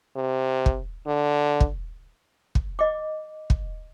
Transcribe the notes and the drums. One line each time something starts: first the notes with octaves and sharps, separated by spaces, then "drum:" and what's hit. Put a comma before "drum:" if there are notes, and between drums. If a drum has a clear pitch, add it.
C3
drum: kick
D3
drum: kick
drum: kick
D#5 D6
drum: kick